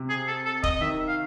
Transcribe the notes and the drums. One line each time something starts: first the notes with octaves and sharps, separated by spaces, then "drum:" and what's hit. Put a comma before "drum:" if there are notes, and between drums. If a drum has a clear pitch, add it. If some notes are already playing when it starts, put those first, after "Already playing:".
Already playing: C3
G#4
A4
A4
D#5, drum: kick E1
D#3 E5
F5